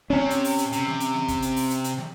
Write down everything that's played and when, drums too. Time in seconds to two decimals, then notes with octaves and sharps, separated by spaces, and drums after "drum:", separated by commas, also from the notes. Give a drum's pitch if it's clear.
0.10 C3 C#4
0.30 drum: hi-hat
0.44 drum: open hi-hat
0.58 drum: hi-hat
0.72 C3, drum: hi-hat
0.86 drum: snare
1.00 drum: hi-hat
1.14 drum: snare
1.28 drum: kick, hi-hat
1.42 drum: hi-hat
1.56 drum: open hi-hat
1.70 drum: hi-hat
1.84 drum: hi-hat
1.98 drum: snare